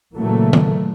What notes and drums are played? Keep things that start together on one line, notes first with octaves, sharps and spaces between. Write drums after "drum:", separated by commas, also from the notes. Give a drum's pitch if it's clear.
A#2 C#3 E3 F#3 A3 A#3
drum: tom D#3